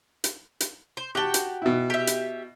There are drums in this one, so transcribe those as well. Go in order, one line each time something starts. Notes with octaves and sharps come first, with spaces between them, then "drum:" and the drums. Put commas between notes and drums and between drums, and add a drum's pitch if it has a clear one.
drum: hi-hat
drum: hi-hat
C5
F#4 G4 G5 A5
drum: hi-hat
B2 E4
G4 E5
drum: hi-hat